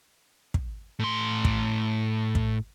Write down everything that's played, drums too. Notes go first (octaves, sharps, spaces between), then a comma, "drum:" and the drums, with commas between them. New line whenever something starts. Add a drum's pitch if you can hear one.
drum: kick
A2 C6
drum: kick
drum: kick